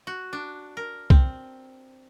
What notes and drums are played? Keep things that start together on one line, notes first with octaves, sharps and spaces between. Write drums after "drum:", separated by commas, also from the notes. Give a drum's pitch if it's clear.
F#4
D4
A#4
C4, drum: kick C2